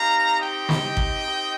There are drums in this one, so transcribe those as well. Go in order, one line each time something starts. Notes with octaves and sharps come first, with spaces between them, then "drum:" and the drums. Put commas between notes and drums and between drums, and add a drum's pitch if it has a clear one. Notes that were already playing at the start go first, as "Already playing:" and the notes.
Already playing: C4 D#4 G4 F5 A#5
D#5 G5
drum: snare
drum: kick G#1
C4 D#4 G4